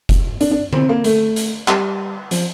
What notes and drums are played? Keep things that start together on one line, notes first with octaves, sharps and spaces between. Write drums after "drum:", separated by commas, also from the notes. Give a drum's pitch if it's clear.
drum: kick F1, hi-hat
D4, drum: hi-hat
D4
C4, drum: tom D3
A#3
A3, drum: hi-hat
drum: hi-hat
G3, drum: clap
F3, drum: hi-hat